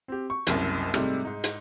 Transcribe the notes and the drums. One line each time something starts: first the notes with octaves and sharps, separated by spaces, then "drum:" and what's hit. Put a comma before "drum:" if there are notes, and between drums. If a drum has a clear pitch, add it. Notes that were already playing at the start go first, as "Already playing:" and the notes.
C4 G4
C#6
F#1 C2 F#2, drum: hi-hat
G#2 C3 G3 A3, drum: rim click
G#2 D#4
drum: hi-hat